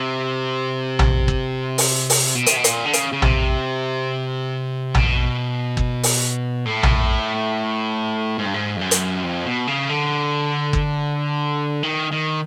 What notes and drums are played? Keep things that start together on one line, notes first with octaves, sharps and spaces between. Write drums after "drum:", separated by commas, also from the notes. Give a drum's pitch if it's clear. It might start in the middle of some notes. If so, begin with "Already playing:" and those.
Already playing: C3
drum: tom A#1
drum: kick
drum: open hi-hat
drum: open hi-hat
B2
C3, drum: hi-hat
B2
A#2, drum: hi-hat
D3
C#3, drum: hi-hat
C#3
C3, drum: tom A#1
B2, drum: tom A#1
drum: kick
drum: open hi-hat
A2
drum: tom A#1
G#2
G2
G#2
F2
F#2
drum: hi-hat
F2
B2
C#3
D3
drum: kick
D#3
D#3